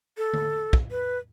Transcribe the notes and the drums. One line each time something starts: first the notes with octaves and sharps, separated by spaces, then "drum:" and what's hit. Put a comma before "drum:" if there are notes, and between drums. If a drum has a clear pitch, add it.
A4
drum: tom D3
drum: kick
B4